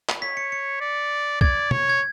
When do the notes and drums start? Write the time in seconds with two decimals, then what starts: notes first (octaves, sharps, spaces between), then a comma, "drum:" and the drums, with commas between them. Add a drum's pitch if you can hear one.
0.09 drum: clap
0.22 C#5 B6
0.37 C#7
0.52 C#7
0.81 D5
1.41 D5 G#6, drum: kick
1.71 C#5, drum: tom
1.89 G#6